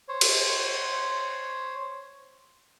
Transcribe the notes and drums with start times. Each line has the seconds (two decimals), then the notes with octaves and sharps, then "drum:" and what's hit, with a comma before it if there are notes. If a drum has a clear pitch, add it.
0.08 C5 C#5
0.21 drum: cymbal